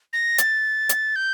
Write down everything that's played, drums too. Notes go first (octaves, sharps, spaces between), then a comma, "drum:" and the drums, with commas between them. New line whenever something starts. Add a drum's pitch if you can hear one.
A#6
A6, drum: hi-hat
drum: hi-hat
G6